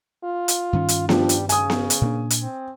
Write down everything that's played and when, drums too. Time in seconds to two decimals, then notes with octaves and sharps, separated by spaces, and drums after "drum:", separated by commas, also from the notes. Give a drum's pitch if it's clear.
0.24 F4
0.48 drum: hi-hat
0.73 G2 D#3 C#4
0.89 drum: hi-hat
1.09 F3 G3 D4, drum: snare B3
1.29 drum: hi-hat
1.49 C#3 G#5 D#6, drum: hi-hat
1.70 drum: snare B3
1.90 drum: hi-hat
2.01 A#2 A#3 D4
2.30 drum: hi-hat
2.42 C4